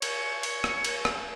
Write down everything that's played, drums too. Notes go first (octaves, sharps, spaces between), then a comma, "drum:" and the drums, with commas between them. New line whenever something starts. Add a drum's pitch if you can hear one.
C#5, drum: cymbal
drum: cymbal
drum: rim click
drum: cymbal
drum: rim click